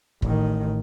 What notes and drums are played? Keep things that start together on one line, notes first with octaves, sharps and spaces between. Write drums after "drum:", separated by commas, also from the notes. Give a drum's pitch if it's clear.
A1 D#3, drum: kick